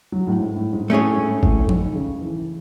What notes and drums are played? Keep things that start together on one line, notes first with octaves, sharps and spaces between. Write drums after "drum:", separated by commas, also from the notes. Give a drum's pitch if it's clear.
F#3
A2
G#2
A2
G#2
A2 A3 C#4 G#4 C#5
G#2
A2, drum: kick G1
D#3, drum: tom F3
C#3
E3